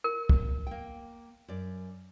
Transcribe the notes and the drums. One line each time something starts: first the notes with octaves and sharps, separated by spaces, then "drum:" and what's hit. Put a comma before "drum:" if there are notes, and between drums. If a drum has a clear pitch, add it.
A#4
drum: kick
A#3 G5
F#2 D5